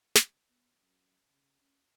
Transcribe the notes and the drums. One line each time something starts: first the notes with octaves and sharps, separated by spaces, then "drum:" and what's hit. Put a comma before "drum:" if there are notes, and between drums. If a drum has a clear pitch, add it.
C2, drum: snare
B3
F#2
C#3
C#4